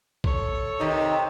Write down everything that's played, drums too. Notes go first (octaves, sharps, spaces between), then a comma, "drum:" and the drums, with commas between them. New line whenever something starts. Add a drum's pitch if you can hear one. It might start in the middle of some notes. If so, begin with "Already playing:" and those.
A4 C#5, drum: kick A#1
C3 D#3 D#4